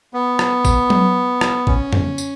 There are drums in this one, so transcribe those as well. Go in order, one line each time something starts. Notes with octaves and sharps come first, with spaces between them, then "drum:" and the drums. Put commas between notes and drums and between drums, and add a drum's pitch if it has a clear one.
B3
drum: rim click
drum: kick G#1, tambourine
drum: tom F#3
drum: rim click
C#4, drum: kick G#1
drum: tom F2
drum: tambourine